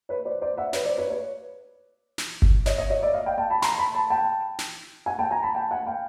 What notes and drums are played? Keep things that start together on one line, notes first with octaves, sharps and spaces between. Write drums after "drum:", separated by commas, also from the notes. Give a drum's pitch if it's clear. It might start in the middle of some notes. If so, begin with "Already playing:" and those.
B4 C#5
C5 D5
C5 D5
E5 F#5
B4 C#5, drum: snare
C5 D5
B4 C#5
B4 C#5
drum: snare
drum: kick G1
C#5 D#5, drum: snare
C#5 D#5
C#5 D#5
D5 E5
D#5 F5
F5 G5
G5 A5
A5 B5
A#5 C6, drum: snare
A5 B5
A5 B5
G5 A5
drum: snare
F#5 G#5
G5 A5
G#5 A#5
A5 B5
G5 A5
F#5 G#5
F5 G5